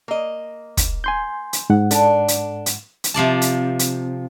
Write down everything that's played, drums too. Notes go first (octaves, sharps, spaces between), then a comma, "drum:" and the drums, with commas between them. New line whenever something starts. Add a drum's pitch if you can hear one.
A#3 D#5
drum: kick, hi-hat
G#5 C6 G6
drum: hi-hat
G#2 F#5
D4 A4, drum: hi-hat
drum: hi-hat
drum: hi-hat
drum: hi-hat
C3 F3 D5 A5
drum: hi-hat
drum: hi-hat